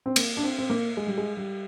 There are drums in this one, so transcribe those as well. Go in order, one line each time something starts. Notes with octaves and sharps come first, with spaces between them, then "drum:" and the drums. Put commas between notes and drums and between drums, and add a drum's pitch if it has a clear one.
C4
A#3, drum: cymbal
D4
C4
C4
A#3
G#3
G3
G#3
G3